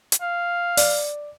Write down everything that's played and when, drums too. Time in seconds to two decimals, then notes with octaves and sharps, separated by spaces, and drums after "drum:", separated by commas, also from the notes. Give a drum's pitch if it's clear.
0.12 drum: hi-hat
0.21 F5
0.77 D5, drum: open hi-hat